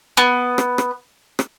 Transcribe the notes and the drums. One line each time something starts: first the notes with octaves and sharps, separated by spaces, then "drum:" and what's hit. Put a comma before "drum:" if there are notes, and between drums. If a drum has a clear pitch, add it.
B3
drum: rim click
drum: rim click
drum: rim click